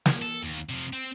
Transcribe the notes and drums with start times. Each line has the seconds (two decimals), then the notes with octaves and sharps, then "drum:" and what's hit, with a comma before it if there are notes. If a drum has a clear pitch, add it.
0.06 drum: snare
0.22 A4
0.42 D#2
0.69 C3 F3
0.93 C4